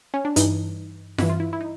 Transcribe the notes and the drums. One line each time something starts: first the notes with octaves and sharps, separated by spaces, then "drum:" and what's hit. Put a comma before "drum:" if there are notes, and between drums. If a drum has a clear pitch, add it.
C#4
D4
G2 E3 D#4, drum: hi-hat
G2 E3 E4, drum: snare F4
F4
E4
E4
D#4